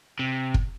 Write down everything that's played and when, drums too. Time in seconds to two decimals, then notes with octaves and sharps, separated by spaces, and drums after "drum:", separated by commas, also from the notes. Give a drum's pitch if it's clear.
0.19 C3
0.54 drum: kick